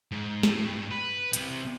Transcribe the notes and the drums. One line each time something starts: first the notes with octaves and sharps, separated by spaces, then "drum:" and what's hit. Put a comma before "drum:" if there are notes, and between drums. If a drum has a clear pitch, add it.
G#2
A2, drum: snare
G2
B4
C2 C3, drum: hi-hat